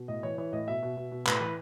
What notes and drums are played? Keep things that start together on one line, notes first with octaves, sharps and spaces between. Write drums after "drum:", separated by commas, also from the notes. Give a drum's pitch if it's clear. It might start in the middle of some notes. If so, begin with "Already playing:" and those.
Already playing: B2
A2 D#5
E3 C#5
E3 C#5
A2 D#5
B2 E5
B2
B2
B2
A2 B4, drum: clap
E3 B4